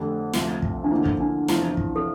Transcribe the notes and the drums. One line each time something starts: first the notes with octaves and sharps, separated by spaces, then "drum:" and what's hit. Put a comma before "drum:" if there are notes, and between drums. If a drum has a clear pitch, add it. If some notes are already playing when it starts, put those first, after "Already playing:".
Already playing: F2 D3 A3 D4 G4
D2 C3 F3, drum: snare
drum: kick
D4
D3 F3 A#3 E4
drum: kick
D4
E2 C3 F3 E4, drum: snare
drum: kick
A4